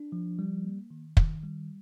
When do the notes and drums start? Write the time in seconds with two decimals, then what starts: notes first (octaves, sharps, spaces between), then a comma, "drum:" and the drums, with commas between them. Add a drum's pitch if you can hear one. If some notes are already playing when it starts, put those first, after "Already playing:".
Already playing: D4
0.12 F3
0.39 G3
0.65 A#3
0.90 D#3
1.17 D#3, drum: kick
1.43 G3